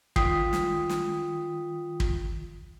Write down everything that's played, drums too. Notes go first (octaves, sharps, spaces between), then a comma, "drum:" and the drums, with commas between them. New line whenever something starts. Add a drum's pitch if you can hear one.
D#3 F4 G5 D#6 B6 C7, drum: kick
drum: snare
drum: snare
drum: kick